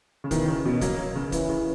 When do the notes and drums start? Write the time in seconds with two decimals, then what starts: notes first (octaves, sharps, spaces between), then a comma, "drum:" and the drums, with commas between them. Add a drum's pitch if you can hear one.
0.24 C#3
0.31 B2 D#3 E3, drum: kick, hi-hat
0.48 C#3
0.65 B2
0.81 F#3 A#3, drum: kick, hi-hat
1.15 C#3
1.32 E3, drum: kick, hi-hat
1.49 C#3